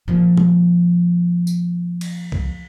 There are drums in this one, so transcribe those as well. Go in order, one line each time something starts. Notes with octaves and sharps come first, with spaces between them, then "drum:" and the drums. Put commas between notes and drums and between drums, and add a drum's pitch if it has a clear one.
A#2 F3
drum: tom
drum: tambourine
drum: cymbal
drum: kick C2